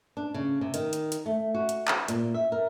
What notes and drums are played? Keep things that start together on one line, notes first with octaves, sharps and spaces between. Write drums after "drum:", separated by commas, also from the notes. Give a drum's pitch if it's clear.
D4
C#3
C3
D#3, drum: hi-hat
drum: hi-hat
drum: hi-hat
A3
F#4
drum: hi-hat
drum: clap
A#2, drum: hi-hat
E5
A#4